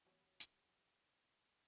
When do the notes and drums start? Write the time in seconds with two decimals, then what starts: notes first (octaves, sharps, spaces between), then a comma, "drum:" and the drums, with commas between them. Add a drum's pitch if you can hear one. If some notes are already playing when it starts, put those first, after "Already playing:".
0.05 E3 F#3 G3 B3 G4 C#5
0.40 drum: hi-hat